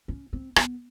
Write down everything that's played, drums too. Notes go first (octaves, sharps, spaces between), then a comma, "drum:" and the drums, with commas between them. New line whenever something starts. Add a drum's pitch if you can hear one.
C#4
C4
B3, drum: rim click